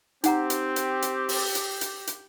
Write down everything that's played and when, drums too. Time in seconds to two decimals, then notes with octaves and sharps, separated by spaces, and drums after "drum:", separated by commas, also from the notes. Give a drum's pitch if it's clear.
0.24 C4 D#4 G4 F#5 A#5, drum: hi-hat
0.50 drum: hi-hat
0.76 drum: hi-hat
1.02 drum: hi-hat
1.29 drum: open hi-hat
1.55 drum: hi-hat
1.81 drum: hi-hat
2.07 drum: hi-hat